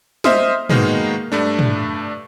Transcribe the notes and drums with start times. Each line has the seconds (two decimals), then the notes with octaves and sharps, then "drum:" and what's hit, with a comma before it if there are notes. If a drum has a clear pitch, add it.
0.24 C5 D#5 E5 C6 D#6 F6, drum: snare
0.70 D#3 G#3 A#3 B3 D#4 F#4, drum: tom
1.32 G2 A3 D4
1.59 drum: tom